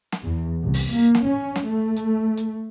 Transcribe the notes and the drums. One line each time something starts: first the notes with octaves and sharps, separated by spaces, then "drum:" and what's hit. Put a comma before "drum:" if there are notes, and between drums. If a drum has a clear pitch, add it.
drum: snare
E2
C2
drum: open hi-hat
A#3
drum: snare
C#4
drum: snare
A3
drum: hi-hat
drum: hi-hat